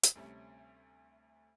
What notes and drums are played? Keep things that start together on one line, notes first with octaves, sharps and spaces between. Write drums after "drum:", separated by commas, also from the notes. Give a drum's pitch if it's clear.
drum: hi-hat
D2 C3 G3 A3 C#4